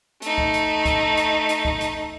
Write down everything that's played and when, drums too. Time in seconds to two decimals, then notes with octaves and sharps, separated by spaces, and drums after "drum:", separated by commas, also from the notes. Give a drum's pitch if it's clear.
0.22 A3 D#4, drum: hi-hat
0.38 drum: kick
0.54 drum: hi-hat
0.86 drum: kick, hi-hat
1.17 drum: hi-hat
1.49 drum: hi-hat
1.65 drum: kick
1.81 drum: hi-hat